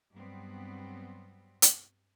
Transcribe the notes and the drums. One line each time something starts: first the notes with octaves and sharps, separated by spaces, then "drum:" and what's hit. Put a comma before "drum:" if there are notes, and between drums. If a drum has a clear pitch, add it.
G2 F#3 G3 B3 C4
drum: hi-hat